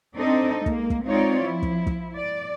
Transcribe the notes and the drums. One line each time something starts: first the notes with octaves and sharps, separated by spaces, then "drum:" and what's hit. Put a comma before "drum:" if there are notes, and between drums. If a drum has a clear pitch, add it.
C4 D4 D#4 A4 D#5
G#3 A#3, drum: kick
drum: kick
G#3 C4 D#4 F4 C#5 D5
F3 E4
drum: kick
drum: kick
D5